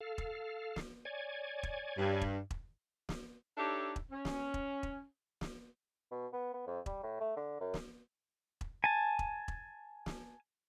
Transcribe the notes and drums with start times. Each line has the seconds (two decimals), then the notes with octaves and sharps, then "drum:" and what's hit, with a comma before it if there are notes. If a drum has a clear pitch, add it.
0.01 A4 F5
0.18 drum: kick E1
0.76 drum: snare
1.05 C#5 D5 G#5
1.63 drum: kick E1
1.98 G2
2.21 drum: kick E1
2.51 drum: kick E1
3.09 drum: snare
3.57 D4 D#4 G4 A4 C#5 E5
3.96 drum: kick E1
4.11 C#4
4.25 drum: snare
4.54 drum: kick E1
4.83 drum: kick E1
5.41 drum: snare
6.11 B2
6.33 B3
6.54 B3
6.67 F2
6.86 G3, drum: kick E1
7.03 A2
7.20 A3
7.37 D3
7.60 F#2
7.74 drum: snare
8.61 drum: kick E1
8.84 G#5 A5
9.19 drum: kick E1
9.48 drum: kick E1
10.06 drum: snare